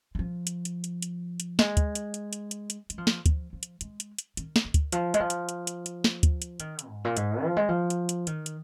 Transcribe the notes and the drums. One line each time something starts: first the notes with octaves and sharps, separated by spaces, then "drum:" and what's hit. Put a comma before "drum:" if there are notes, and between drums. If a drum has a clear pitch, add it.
G#3
F3
drum: hi-hat
drum: hi-hat
drum: hi-hat
drum: hi-hat
drum: hi-hat
G#3, drum: snare
drum: kick D2, hi-hat
drum: hi-hat
drum: hi-hat
drum: hi-hat
drum: hi-hat
drum: hi-hat
G#3, drum: hi-hat
F3
drum: snare
F3, drum: kick D2, hi-hat
F3
drum: hi-hat
G#3, drum: hi-hat
drum: hi-hat
drum: hi-hat
D#3, drum: hi-hat
drum: snare
D#3
drum: kick D2, hi-hat
F3, drum: hi-hat
G#3, drum: hi-hat
F3
drum: hi-hat
drum: hi-hat
drum: hi-hat
drum: hi-hat
drum: snare
drum: kick D2, hi-hat
drum: hi-hat
D#3, drum: hi-hat
drum: hi-hat
G#2
A#2
G#2, drum: hi-hat
F3
G#3
F3
drum: hi-hat
drum: hi-hat
D#3, drum: hi-hat
drum: hi-hat